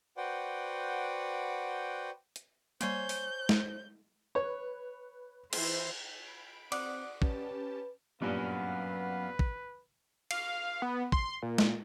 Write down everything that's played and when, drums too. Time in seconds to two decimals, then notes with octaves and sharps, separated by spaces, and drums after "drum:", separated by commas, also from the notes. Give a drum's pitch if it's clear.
0.17 F#4 B4 C5 D5 F#5 G5
2.36 drum: hi-hat
2.81 G3 A#3 C5 C#5 G#5 C6 G6, drum: hi-hat
3.09 drum: open hi-hat
3.49 drum: snare G#3
4.35 B4 C#5
5.53 E3 C5, drum: cymbal
6.25 B5 D7
6.72 C4 D5 F#5 D6 D#6 F#6, drum: cymbal
7.22 C#4 G4 B4 A5, drum: kick
8.22 G2 A#2 F#3 B3 C#4 B4 F5
9.39 drum: kick
10.31 F5, drum: cymbal
10.82 B3
11.12 C6, drum: kick
11.43 A#2
11.58 drum: snare G#3